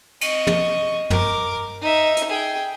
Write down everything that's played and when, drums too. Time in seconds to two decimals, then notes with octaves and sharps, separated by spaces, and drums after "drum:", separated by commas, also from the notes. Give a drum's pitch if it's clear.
0.21 D#5 C#6, drum: cymbal
0.47 drum: tom
1.10 A#4 D6, drum: tom
1.81 D#4 E5
2.17 drum: hi-hat
2.29 G#4 G5